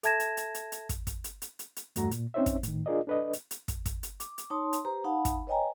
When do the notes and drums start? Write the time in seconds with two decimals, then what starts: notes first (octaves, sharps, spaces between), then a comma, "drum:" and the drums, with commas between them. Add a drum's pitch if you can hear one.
0.03 A4 E5 A5 G#6 A#6 E7, drum: hi-hat
0.20 drum: hi-hat
0.37 drum: hi-hat
0.54 drum: hi-hat
0.72 drum: hi-hat
0.89 drum: kick, hi-hat
1.07 drum: kick, hi-hat
1.24 drum: hi-hat
1.42 drum: hi-hat
1.59 drum: hi-hat
1.76 drum: hi-hat
1.96 E2 G2 A3 F#4 A#5, drum: hi-hat
2.11 A#2, drum: hi-hat
2.34 C4 C#4 D#4 C5 C#5 E5
2.46 drum: kick, hi-hat
2.63 A2 D#3, drum: hi-hat
2.86 D4 F4 G#4 A#4 D5 D#5
3.07 D4 A4 B4 D5 D#5
3.33 drum: hi-hat
3.51 drum: hi-hat
3.68 drum: kick, hi-hat
3.86 drum: kick, hi-hat
4.03 drum: hi-hat
4.20 D6, drum: hi-hat
4.38 drum: hi-hat
4.50 D#4 C#5 A5 C6 D#6
4.73 drum: hi-hat
4.85 G4 B4 C5 A#5
5.04 D#4 F5 F#5 A5 B5
5.25 drum: kick, hi-hat
5.47 B4 C#5 D#5 G5 G#5 A#5